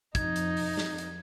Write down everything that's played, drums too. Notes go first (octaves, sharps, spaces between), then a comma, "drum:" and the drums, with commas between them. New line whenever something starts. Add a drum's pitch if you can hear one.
F2 D#4 G#6, drum: kick, hi-hat
drum: hi-hat
drum: open hi-hat
drum: snare
drum: hi-hat